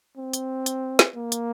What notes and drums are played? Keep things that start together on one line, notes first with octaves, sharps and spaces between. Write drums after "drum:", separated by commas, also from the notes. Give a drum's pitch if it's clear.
C4
drum: hi-hat
drum: hi-hat
drum: snare
A#3
drum: hi-hat